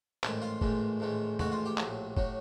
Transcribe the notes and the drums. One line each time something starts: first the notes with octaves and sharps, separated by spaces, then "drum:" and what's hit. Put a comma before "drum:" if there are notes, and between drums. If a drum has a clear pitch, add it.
A1 G#2 D#3 E4, drum: clap
F4
A1 G#2 D#3, drum: kick
A1 G#2 D#3
A1 G#2 D#3 F#4, drum: tom E2
F4
G4
A#1 A2 F#3, drum: clap
A2 F#3, drum: kick